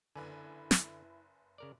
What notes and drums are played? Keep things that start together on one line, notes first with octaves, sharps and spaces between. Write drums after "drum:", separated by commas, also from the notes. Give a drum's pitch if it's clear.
F#1 D3 E4 B4 G#5
drum: snare
C#3 A#4 D5